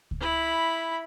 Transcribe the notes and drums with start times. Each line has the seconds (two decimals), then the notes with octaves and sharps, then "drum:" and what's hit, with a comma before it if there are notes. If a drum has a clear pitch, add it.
0.11 drum: kick C#2
0.21 E4 B5